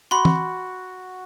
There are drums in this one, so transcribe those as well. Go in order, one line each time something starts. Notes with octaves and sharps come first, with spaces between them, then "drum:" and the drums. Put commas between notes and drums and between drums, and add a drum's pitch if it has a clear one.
F#4 B5 C6
drum: tom E3